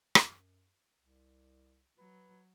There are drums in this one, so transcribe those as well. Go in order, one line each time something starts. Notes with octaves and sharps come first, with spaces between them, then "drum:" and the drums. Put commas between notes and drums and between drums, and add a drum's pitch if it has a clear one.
F#2, drum: rim click
C2
F#3 B4